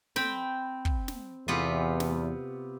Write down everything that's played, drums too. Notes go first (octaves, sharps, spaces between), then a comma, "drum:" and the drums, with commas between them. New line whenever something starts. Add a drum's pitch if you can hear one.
C4 G5 B5, drum: snare
drum: kick
drum: snare
E2 C3 B3 F4
drum: snare